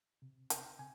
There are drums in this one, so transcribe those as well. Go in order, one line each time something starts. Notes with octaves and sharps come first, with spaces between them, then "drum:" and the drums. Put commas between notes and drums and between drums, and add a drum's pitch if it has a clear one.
C3
C3 G5, drum: hi-hat
C3 G#5